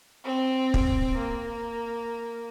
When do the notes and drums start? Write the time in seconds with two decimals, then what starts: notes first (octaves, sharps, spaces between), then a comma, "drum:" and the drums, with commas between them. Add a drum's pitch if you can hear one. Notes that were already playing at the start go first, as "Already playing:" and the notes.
0.25 C4
0.74 drum: kick
1.17 A#3